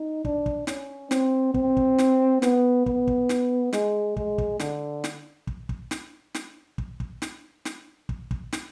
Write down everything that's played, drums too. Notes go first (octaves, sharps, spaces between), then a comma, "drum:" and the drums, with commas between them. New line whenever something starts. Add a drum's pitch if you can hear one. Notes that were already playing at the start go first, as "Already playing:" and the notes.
Already playing: D#4
D4, drum: kick
drum: kick
C#4, drum: snare
C4, drum: snare
C4, drum: kick
drum: kick
drum: snare
B3, drum: snare
B3, drum: kick
drum: kick
drum: snare
G#3, drum: snare
G#3, drum: kick
drum: kick
D3, drum: snare
drum: snare
drum: kick
drum: kick
drum: snare
drum: snare
drum: kick
drum: kick
drum: snare
drum: snare
drum: kick
drum: kick
drum: snare